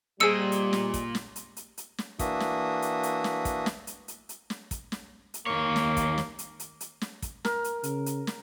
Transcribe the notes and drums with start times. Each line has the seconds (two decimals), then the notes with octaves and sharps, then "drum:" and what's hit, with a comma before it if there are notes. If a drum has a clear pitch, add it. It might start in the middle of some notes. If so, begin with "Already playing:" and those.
0.20 A#2 G3 G#4 C5 D#5 E6 C#7
0.52 drum: hi-hat
0.73 drum: snare
0.94 drum: kick, hi-hat
1.15 drum: snare
1.36 drum: hi-hat
1.57 drum: hi-hat
1.77 drum: hi-hat
1.98 drum: snare
2.19 E3 A#3 D4 F#4 E5 D#6, drum: kick, hi-hat
2.40 drum: snare
2.82 drum: hi-hat
3.03 drum: hi-hat
3.24 drum: snare
3.45 drum: kick, hi-hat
3.66 drum: snare
3.87 drum: hi-hat
4.08 drum: hi-hat
4.29 drum: hi-hat
4.50 drum: snare
4.71 drum: kick, hi-hat
4.92 drum: snare
5.34 drum: hi-hat
5.46 D#2 A#3 C#5
5.76 drum: snare
5.97 drum: kick, hi-hat
6.18 drum: snare
6.39 drum: hi-hat
6.60 drum: hi-hat
6.81 drum: hi-hat
7.01 drum: snare
7.22 drum: kick, hi-hat
7.45 A#4, drum: snare
7.64 drum: hi-hat
7.83 C#3, drum: hi-hat
8.06 drum: hi-hat
8.27 drum: snare